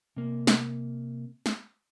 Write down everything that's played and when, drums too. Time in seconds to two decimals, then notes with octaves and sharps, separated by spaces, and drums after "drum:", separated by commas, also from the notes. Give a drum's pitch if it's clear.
0.17 C3 A#3
0.47 drum: snare
1.46 drum: snare